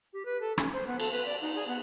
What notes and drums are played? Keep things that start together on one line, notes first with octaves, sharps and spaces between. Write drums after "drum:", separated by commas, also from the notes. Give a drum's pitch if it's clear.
G4
B4
A4
C#4, drum: rim click
C5
B3
A4, drum: cymbal
B4
D5
D#4
G#4
B3